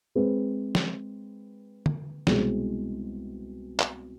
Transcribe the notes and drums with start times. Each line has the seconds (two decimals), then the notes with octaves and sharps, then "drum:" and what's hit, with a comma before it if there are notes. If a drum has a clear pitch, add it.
0.15 G#3 C4 G#4 B4
0.75 drum: snare
1.86 drum: tom
2.27 C2 B2 G#3 C4 G#4, drum: snare
3.79 drum: clap